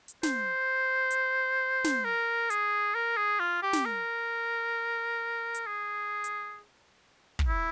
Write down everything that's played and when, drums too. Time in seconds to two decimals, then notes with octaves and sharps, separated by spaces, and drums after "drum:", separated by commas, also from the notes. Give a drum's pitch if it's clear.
0.08 drum: hi-hat
0.23 C5, drum: snare
1.11 drum: hi-hat
1.85 drum: snare
2.04 A#4
2.50 G#4, drum: hi-hat
2.95 A#4
3.17 G#4
3.40 F4
3.63 G4
3.73 drum: snare
3.86 A#4
5.54 drum: hi-hat
5.67 G#4
6.24 drum: hi-hat
7.39 drum: kick
7.48 E4